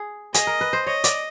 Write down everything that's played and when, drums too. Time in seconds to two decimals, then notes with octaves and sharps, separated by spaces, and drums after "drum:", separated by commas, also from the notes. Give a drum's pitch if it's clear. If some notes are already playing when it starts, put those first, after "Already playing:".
Already playing: G#4
0.34 G#4 D#5, drum: hi-hat
0.47 A#4
0.61 B4
0.73 C5
0.87 C#5 D#5
1.04 D5, drum: hi-hat